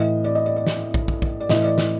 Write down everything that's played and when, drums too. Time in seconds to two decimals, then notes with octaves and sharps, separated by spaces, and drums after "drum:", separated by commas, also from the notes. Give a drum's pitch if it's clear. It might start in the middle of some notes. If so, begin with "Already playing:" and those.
Already playing: A2 E3 D#5
0.24 D5
0.35 D#5
0.46 D5
0.56 D5
0.66 drum: snare
0.94 drum: kick
1.08 drum: kick
1.22 drum: kick
1.40 D5
1.49 A2 E3 D#5, drum: snare
1.64 D5
1.78 drum: snare